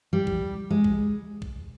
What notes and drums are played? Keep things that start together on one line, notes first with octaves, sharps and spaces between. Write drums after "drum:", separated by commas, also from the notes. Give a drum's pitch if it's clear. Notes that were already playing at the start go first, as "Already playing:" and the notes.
G3
drum: kick
G#3
drum: kick
drum: kick